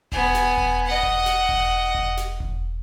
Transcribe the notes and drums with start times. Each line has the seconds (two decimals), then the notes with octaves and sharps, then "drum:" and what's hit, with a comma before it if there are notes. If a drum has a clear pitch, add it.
0.12 B3 G#5, drum: kick E1
0.35 drum: snare
0.57 drum: kick E1
0.86 D#5 F#5
1.03 drum: kick E1
1.26 drum: snare
1.49 drum: kick E1
1.95 drum: kick E1
2.17 drum: snare
2.40 drum: kick E1